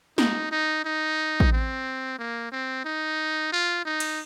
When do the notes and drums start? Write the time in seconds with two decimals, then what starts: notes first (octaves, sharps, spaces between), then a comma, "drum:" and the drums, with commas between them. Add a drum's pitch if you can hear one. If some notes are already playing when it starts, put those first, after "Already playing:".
0.18 D#4, drum: snare
0.51 D#4
0.85 D#4
1.40 drum: kick A1
1.52 C4
2.19 A#3
2.52 C4
2.85 D#4
3.52 F4
3.85 D#4
4.00 drum: cymbal